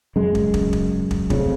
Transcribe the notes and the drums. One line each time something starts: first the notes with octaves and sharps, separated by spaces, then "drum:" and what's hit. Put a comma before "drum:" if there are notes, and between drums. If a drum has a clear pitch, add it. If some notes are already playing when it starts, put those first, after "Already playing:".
F#2 C#3 G#3
drum: kick
drum: kick
drum: kick
drum: kick
F1 F2 C#3, drum: kick